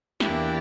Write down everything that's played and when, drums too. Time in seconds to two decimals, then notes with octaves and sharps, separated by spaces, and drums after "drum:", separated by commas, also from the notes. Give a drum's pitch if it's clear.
0.20 E2 E3 A#3 D4 E4 G4, drum: snare